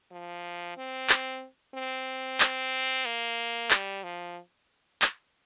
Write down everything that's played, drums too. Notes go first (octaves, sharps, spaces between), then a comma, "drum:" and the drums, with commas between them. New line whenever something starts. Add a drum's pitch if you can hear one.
F3
C4
drum: clap
C4
drum: clap
A#3
G3, drum: clap
F3
drum: clap